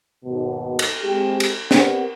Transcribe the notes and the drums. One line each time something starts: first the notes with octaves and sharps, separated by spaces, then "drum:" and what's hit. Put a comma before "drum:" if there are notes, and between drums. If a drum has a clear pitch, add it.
D#2 G#2 B2
drum: cymbal
G#3 C4 G4
drum: cymbal
B3 C4 G4 A#4 D5 F#5, drum: snare